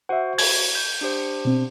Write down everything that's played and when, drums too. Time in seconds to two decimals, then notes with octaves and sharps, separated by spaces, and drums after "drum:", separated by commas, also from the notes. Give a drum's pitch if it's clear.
0.09 F#4 C5 E5 F#5
0.38 G#6, drum: open hi-hat
0.75 G6
1.01 D4 G4 C5
1.45 B2 C4